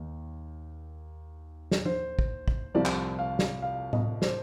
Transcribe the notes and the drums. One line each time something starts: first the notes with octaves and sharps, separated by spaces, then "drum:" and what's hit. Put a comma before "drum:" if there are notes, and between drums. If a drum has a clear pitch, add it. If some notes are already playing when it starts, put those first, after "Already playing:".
Already playing: D#2 D#3
drum: snare
C5, drum: tom F3
drum: kick
drum: kick
C2 C3 F3 D5
drum: clap
F5
drum: snare
F5
D#5, drum: tom A2
C5, drum: snare